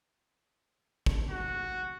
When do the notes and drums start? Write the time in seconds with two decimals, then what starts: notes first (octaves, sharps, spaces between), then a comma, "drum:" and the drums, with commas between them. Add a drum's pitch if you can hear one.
1.06 drum: kick
1.30 F#4